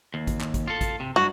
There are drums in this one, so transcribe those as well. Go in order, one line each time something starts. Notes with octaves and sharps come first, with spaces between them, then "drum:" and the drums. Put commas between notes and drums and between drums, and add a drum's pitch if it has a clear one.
D#2
drum: kick, hi-hat
drum: clap
drum: kick, hi-hat
F4 A4
drum: kick, hi-hat
C3
G2 F#3 F#4